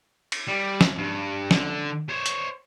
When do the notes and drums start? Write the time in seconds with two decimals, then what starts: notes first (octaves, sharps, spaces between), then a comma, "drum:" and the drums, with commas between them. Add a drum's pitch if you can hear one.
0.32 drum: cymbal
0.48 G3
0.81 drum: snare
0.98 G2
1.51 D3, drum: snare
2.09 C5 C#5
2.26 drum: hi-hat